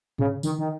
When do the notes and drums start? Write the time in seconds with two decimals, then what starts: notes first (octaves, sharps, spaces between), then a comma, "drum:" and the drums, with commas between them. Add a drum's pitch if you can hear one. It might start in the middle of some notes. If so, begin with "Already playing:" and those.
0.18 C#3, drum: tom G#2
0.43 D#3, drum: tambourine
0.58 D#3